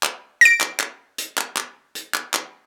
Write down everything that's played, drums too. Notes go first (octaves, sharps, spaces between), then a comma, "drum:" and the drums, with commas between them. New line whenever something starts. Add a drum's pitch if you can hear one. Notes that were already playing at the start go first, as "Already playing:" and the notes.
drum: clap
A#6 D7, drum: hi-hat
drum: clap
drum: clap
drum: hi-hat
drum: clap
drum: clap
drum: hi-hat
drum: clap
drum: clap